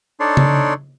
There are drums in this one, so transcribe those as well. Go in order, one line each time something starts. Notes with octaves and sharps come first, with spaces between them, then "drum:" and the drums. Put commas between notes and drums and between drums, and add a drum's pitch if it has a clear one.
D4 D#4 A4 C#5 D5 C6
drum: tom C#3